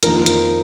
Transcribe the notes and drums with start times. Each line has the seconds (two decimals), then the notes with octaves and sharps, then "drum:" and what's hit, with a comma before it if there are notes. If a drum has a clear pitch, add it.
0.03 F2 D#3 A#3 D#4 A#4, drum: hi-hat
0.26 drum: hi-hat